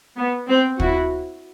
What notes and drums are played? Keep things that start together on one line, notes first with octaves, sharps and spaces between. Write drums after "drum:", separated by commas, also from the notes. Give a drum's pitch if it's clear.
B3
C4
E4 F#4, drum: kick